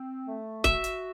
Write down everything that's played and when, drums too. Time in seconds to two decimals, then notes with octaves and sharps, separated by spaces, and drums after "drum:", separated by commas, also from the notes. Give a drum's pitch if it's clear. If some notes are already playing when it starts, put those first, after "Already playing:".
Already playing: C4
0.26 A3
0.64 F#4 E5, drum: kick, hi-hat
0.84 drum: hi-hat